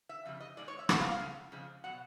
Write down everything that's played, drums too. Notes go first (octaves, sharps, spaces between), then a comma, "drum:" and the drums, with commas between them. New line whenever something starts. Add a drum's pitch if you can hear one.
E5
F2 C#3 G3
D#5
G#2 F3 G#3 D5
C#5
E5
G#2 F3 F#5, drum: rim click
F5
F5
F2 C#3
F2 C#3 F3 G#3
B2 F#3 F#5